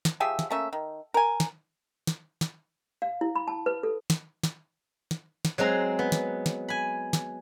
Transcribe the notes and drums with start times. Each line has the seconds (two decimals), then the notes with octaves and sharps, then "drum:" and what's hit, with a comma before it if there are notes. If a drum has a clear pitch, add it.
0.05 drum: snare
0.20 F3 G4 G#4 E5
0.39 drum: snare
0.50 A3 A#3 C#4 E5
0.73 D#3
1.14 A#4 G#5
1.40 drum: snare
2.07 drum: snare
2.41 drum: snare
3.02 F5
3.21 E4
3.36 B5
3.48 A5
3.66 B4
3.83 A4
4.10 drum: snare
4.43 drum: snare
5.11 drum: snare
5.45 drum: snare
5.58 F#3 G#3 C4 A#5
5.99 B3
6.12 drum: snare
6.46 drum: snare
6.69 G#5 B5
7.13 drum: snare